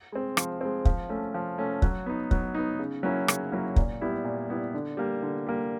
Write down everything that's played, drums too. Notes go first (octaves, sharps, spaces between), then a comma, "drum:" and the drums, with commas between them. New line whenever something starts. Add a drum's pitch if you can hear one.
G#3 C4
F3, drum: rim click
G#3 C4
F3, drum: kick
A3 C#4
F3
A3 C#4
F#3, drum: kick
B3 D#4
F#3, drum: kick
B3 D#4
C#3
F#3 A#3 C#4 E4
C#3, drum: rim click
F#3 A#3 C#4 E4
A#2, drum: kick
G3 B3 E4
A#2
G3 B3 E4
D3
G3 A#3
D3
G3 A#3